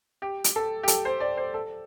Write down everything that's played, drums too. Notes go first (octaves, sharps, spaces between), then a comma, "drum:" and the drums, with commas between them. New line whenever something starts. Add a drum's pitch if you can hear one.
G4
drum: hi-hat
A4
G4
A4, drum: hi-hat
C5
D5
C5
A4